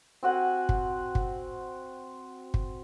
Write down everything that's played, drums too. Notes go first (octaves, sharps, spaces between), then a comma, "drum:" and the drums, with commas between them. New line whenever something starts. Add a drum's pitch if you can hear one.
C4 F#4 F#5 G#5
drum: kick
drum: kick
drum: kick